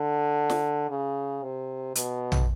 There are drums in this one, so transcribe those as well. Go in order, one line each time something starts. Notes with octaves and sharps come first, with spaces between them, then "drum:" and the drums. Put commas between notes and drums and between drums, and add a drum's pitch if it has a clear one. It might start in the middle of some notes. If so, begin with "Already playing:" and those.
Already playing: D3
drum: snare
C#3
C3
B2, drum: hi-hat
drum: tom A#1